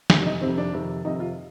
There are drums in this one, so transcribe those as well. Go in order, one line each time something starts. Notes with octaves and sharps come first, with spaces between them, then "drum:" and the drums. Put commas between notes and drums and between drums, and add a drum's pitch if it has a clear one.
F2 C3 D#3 D4, drum: snare
D4
D#4
F2 C3 D#3 C4
D4
F2 C3 D#3
F2 C3 D#3 D#4
F4